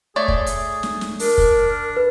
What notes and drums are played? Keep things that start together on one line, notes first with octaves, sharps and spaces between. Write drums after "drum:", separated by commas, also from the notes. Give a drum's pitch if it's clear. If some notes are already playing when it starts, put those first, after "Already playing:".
A3 G#4 C#5 D5
drum: kick
drum: hi-hat
drum: snare
drum: snare
D4 A#4, drum: open hi-hat
drum: kick
B4